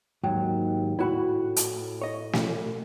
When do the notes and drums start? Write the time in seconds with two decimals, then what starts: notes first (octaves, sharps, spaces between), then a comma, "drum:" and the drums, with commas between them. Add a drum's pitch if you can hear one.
0.24 D#2 G#2 F#3 G5
0.99 A2 E4 F#4 B5
1.56 drum: hi-hat
2.02 C#5 D#5
2.33 drum: snare